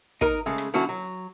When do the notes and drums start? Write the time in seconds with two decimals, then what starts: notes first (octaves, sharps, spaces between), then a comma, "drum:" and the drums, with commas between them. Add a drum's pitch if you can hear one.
0.21 D#4 A#4, drum: kick, hi-hat
0.46 C#3 G#3 A3
0.58 drum: rim click
0.74 D3 F#3 C#4 E4 F#4
0.89 F#3